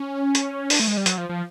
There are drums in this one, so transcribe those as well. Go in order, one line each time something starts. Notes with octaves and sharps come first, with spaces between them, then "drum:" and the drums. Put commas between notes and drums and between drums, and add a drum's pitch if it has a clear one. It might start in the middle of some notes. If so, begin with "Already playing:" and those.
Already playing: C#4
drum: hi-hat
D4, drum: open hi-hat
A3
G#3
G3
F#3, drum: hi-hat
F3
F3